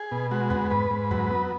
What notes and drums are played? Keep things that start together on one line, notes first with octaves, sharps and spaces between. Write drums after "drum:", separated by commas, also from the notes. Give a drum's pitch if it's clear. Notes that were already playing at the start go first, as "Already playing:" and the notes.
Already playing: G#4
B2
G#3 F#4
B3, drum: tom F2
G#2 B4
G#2
F#3, drum: tom F2
B3